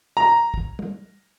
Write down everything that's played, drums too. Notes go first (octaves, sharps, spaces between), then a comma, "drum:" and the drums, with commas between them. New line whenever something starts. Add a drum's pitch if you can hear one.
A#5
drum: kick
drum: tom